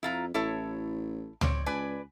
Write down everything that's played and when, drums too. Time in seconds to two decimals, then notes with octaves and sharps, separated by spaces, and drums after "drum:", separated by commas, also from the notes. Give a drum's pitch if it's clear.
0.03 F2 E4 F4 A#5
0.34 A1 E4 A4 C#5
1.41 C4 C#5 D5, drum: tom C#2
1.66 C#2 B4 D5 G#5